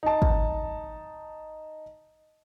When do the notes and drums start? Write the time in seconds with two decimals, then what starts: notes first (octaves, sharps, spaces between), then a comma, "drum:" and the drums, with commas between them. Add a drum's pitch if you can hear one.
0.03 D#4 A5
0.22 drum: kick